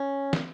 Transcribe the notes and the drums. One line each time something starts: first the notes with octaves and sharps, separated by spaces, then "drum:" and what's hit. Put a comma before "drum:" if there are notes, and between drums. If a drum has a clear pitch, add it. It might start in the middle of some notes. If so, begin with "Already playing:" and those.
Already playing: C#4
drum: snare